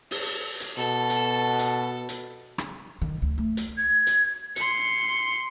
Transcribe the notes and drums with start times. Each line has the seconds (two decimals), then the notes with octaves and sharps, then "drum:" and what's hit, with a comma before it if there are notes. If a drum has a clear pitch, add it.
0.11 drum: open hi-hat
0.60 drum: hi-hat
0.77 B2 A4
1.10 drum: hi-hat
1.59 drum: hi-hat
2.09 drum: hi-hat
2.58 drum: rim click
3.02 D#3
3.22 D2
3.38 A3
3.57 drum: hi-hat
3.77 G#6
4.07 drum: hi-hat
4.56 C6 C#7, drum: hi-hat